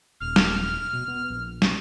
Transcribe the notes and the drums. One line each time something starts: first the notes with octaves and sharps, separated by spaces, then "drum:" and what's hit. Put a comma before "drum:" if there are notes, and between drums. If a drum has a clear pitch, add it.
D#1 F6
drum: snare
B2
B3
A#1
drum: snare